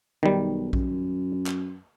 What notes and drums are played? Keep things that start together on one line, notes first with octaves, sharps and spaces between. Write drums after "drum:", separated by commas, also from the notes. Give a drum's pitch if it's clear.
B1 D#3 G3
F#2, drum: kick A#1
drum: clap